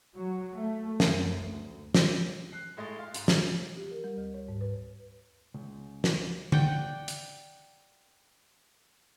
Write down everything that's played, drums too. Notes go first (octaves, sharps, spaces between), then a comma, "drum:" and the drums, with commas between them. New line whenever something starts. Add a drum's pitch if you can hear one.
F#3
A3
F#2, drum: snare
D2
drum: snare
F#6 C7
A2 G#3 D#5 C6 A6
F5 C6
G#2, drum: hi-hat
drum: snare
G4
A#4
G3
D2
C#5
G#2
B4
C#2
drum: snare
D5 F#5 G5, drum: tom
drum: hi-hat